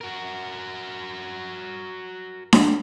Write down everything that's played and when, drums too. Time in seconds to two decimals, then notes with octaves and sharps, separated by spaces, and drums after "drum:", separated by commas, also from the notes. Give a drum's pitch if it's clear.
0.01 F#4 A#4
2.53 drum: snare D4